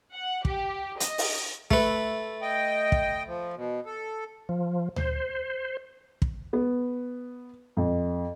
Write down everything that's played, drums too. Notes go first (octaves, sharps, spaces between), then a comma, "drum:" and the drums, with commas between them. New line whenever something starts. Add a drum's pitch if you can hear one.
F#5
G4, drum: kick
D#5, drum: hi-hat
drum: open hi-hat
A3 B4, drum: kick
D#5 G5
drum: kick
F3
B2
A4
F3
C5, drum: tom D2
drum: kick
B3
F2